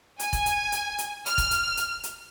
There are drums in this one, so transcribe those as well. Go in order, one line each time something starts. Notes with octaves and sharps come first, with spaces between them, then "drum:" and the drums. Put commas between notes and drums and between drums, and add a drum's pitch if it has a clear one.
G#5, drum: hi-hat
drum: kick F1, hi-hat
drum: hi-hat
drum: hi-hat
drum: hi-hat
F6, drum: hi-hat
drum: kick F1, hi-hat
drum: hi-hat
drum: hi-hat
drum: hi-hat